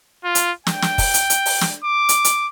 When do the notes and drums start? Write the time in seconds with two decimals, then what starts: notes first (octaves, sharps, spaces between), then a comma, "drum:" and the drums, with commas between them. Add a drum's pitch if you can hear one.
0.25 F4
0.35 drum: hi-hat
0.67 G5, drum: snare
0.82 drum: snare
0.98 drum: kick, open hi-hat
1.14 drum: hi-hat
1.30 drum: hi-hat
1.46 drum: open hi-hat
1.61 drum: snare
1.85 D6
2.09 drum: hi-hat
2.24 drum: hi-hat